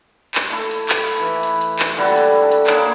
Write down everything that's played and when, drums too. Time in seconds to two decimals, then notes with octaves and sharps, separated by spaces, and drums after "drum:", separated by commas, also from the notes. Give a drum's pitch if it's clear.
0.35 drum: clap
0.50 A3 E4, drum: hi-hat
0.71 drum: hi-hat
0.89 drum: clap
1.07 drum: hi-hat
1.20 E3
1.43 drum: hi-hat
1.61 drum: hi-hat
1.79 drum: clap
1.97 D3 G3 E4 F#4, drum: hi-hat
2.15 drum: hi-hat
2.42 A4
2.51 drum: hi-hat
2.67 A#3 E4 G#4 C#5, drum: clap